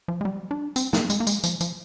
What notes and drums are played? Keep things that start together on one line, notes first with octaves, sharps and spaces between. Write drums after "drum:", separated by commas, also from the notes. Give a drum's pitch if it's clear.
F3
G#3
G3
D4
C4, drum: tambourine
A#3, drum: snare
G#3, drum: tambourine
A#3
G#3, drum: tambourine
F3, drum: tambourine
F3, drum: tambourine